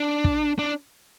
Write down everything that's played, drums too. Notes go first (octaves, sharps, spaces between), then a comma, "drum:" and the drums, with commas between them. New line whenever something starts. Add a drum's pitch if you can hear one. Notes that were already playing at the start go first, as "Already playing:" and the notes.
Already playing: D4
drum: kick
D4